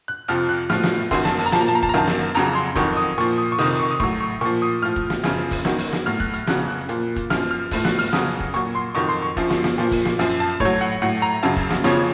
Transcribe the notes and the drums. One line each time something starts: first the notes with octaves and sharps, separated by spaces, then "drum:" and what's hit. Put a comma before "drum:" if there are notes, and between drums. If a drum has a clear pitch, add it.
F#6
F2 C3 F3 F6, drum: hi-hat
F#6
A2 F3 F6, drum: snare
drum: snare
F#2 D#3 F#3 C6, drum: kick, open hi-hat
A5, drum: snare
A5, drum: open hi-hat
A#5
A#2 F3 A5, drum: snare
A#5
A5, drum: hi-hat
A#5
A5, drum: kick
A#5
F#2 D#3 F#3 A5, drum: hi-hat
drum: snare
F2 C#3 F#3 A#5
C6
F2 D#3 F#3 C#6, drum: kick, hi-hat
D#6
A#2 F3 C#6
D#6
C#6
F2 C3 D#3 D#6, drum: open hi-hat
C#6
D#6
A2 F#3 C#6, drum: kick
C#6
A#2 F3 C#6
D#6
A2 F3 F6
drum: kick
drum: snare
F#2 C#3 F3, drum: snare
drum: kick, open hi-hat
F#2 D#3 F#3, drum: snare
drum: open hi-hat
drum: snare
A2 F#3 F6, drum: hi-hat
F#6, drum: kick
F6, drum: hi-hat
F2 C#3 F#3 F#6, drum: snare
F#6
A#2 F3, drum: hi-hat
drum: kick, hi-hat
F#2 F3 F6, drum: snare
F6
A2 F3, drum: kick, open hi-hat
F#6, drum: snare
F6, drum: open hi-hat
F2 C#3 F#3 D#6, drum: snare
drum: hi-hat
drum: kick
A#2 F#3 C#6, drum: hi-hat
C6
F2 D#3 F#3 C#6
C6, drum: hi-hat
C#6
F#2 F3, drum: kick, hi-hat
drum: snare
drum: snare
A#2 F3
drum: kick, open hi-hat
drum: snare
F#2 F3, drum: open hi-hat
A5
A2 F#3 C#5, drum: kick
F#5
A2 F#3 F#5
A#5
F#2 C#3 F#3 A5
drum: kick, hi-hat
drum: snare
F2 C#3 F3 C#5, drum: snare